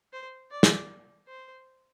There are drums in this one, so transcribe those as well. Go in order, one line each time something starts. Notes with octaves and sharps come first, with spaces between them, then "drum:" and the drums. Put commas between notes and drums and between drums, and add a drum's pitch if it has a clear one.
C5
D5
drum: snare
C5